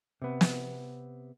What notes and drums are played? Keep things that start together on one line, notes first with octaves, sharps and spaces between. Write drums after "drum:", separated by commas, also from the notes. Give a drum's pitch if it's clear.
C3 B3
drum: snare